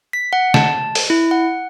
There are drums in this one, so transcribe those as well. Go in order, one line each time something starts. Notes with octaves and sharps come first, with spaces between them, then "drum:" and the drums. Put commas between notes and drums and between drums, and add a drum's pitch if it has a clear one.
B6
F#5
A5, drum: snare
drum: open hi-hat
E4
F#5